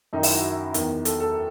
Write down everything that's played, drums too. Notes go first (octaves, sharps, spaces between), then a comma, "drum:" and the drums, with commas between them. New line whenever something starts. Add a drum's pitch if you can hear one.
F#2 D#3 D#4
E4, drum: open hi-hat
F#4
E2 D#3, drum: hi-hat
A4, drum: hi-hat
A4